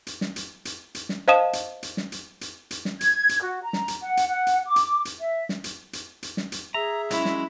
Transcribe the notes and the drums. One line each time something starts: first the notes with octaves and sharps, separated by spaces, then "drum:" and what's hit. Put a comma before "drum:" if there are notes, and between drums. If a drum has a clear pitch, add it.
drum: hi-hat
drum: snare
drum: hi-hat
drum: hi-hat
drum: hi-hat
drum: snare
C5 D#5 F5 A5 D#6 E7
drum: hi-hat
drum: hi-hat
drum: snare
drum: hi-hat
drum: hi-hat
drum: hi-hat
drum: snare
G#6, drum: hi-hat
drum: hi-hat
F#4
A#5
drum: snare
drum: hi-hat
F#5
drum: hi-hat
F#5
drum: hi-hat
D6
drum: hi-hat
drum: hi-hat
E5
drum: snare
drum: hi-hat
drum: hi-hat
drum: hi-hat
drum: snare
drum: hi-hat
G#4 E5 A#5
F#3 G#3 C#4 E4, drum: hi-hat
drum: snare